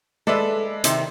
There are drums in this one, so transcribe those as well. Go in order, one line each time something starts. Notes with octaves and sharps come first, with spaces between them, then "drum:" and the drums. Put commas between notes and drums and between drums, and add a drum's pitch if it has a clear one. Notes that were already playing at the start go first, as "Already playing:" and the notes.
G#3 A4 B4 D5 E5
C3 D#3 C5, drum: hi-hat